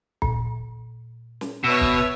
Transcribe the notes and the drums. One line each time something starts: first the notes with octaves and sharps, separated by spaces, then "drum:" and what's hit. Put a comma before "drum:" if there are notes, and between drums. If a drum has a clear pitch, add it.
A#2, drum: kick
drum: snare
B2 B4 C#5 E5 E6
drum: kick